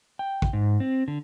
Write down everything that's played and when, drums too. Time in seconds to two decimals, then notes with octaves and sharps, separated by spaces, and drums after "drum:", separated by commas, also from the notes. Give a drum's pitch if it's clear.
0.19 G5
0.42 drum: kick
0.53 G#2
0.80 C4
1.08 D3